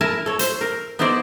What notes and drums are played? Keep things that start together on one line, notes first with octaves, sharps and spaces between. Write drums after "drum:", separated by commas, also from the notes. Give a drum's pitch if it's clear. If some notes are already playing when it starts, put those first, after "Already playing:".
E4 A#4 G#5 A5
A4 C#5
C5, drum: hi-hat
A#4
B3 D#4 E4 C5 D5